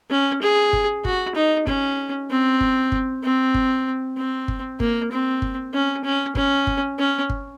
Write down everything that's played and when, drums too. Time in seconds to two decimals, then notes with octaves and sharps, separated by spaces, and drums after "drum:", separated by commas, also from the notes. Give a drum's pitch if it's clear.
0.10 C#4
0.42 G#4
0.73 drum: kick G1
1.05 F#4, drum: kick G1
1.35 D#4
1.67 C#4, drum: kick G1
2.30 C4
2.61 drum: kick G1
2.92 drum: kick G1
3.23 C4
3.54 drum: kick G1
4.17 C4
4.48 drum: kick G1
4.80 A#3, drum: kick G1
5.11 C4
5.42 drum: kick G1
5.74 C#4
6.04 C#4
6.35 C#4, drum: kick G1
6.67 drum: kick G1
6.99 C#4
7.29 drum: kick G1